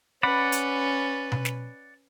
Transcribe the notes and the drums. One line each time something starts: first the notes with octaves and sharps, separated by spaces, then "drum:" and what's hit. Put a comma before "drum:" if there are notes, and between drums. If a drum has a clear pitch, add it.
C#4 B4 D5 F#5 B5
drum: hi-hat
drum: tom B2
drum: snare